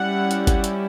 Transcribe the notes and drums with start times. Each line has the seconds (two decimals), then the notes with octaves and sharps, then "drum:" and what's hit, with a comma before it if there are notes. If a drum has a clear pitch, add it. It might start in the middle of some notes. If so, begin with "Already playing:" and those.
Already playing: G3 C#4 E4 F#5
0.31 drum: hi-hat
0.47 drum: kick G#1, hi-hat
0.64 drum: hi-hat